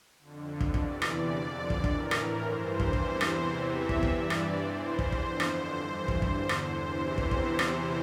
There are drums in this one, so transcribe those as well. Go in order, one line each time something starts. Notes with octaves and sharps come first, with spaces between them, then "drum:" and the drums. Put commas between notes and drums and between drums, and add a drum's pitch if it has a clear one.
F2 D3
drum: kick
E2 C3 E3 D5, drum: kick
drum: rim click
F2 D3
drum: kick
A2 E3 A#4, drum: kick
drum: rim click
G2 E3 C5
drum: kick
E2 C3 E3 C5, drum: kick
drum: rim click
E2 C3 E3 E5
drum: kick
G2 E3 D5, drum: kick
drum: rim click
E2 E3 C5
drum: kick
F2 D3, drum: kick
drum: rim click
G2 E3
drum: kick
E2 D3, drum: kick
drum: rim click
E2 C3 E3 C5
drum: kick
E2 C3 E3, drum: kick
drum: rim click